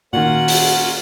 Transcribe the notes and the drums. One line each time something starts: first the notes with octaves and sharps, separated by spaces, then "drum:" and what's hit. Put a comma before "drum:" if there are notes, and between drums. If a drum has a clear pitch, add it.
A#2 D#3 A#3 C#4 F4 F#4 F#5
drum: open hi-hat